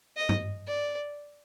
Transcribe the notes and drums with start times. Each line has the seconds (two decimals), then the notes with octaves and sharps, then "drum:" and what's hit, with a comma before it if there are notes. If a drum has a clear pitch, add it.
0.17 D#5
0.29 drum: tom G2
0.67 D5